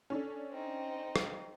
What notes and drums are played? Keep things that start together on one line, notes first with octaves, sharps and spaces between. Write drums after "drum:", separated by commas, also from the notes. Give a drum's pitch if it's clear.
C#4 D4 A4
C4 D#4
drum: rim click